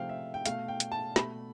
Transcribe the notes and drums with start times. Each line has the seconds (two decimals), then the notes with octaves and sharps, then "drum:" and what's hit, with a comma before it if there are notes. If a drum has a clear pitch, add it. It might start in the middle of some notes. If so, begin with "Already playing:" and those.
Already playing: C3 F3 A3 F5 G5
0.09 E5
0.34 G5
0.46 B2 A3 F5, drum: hi-hat
0.68 G5
0.80 drum: hi-hat
0.92 A5
1.16 B2 A3 B5, drum: snare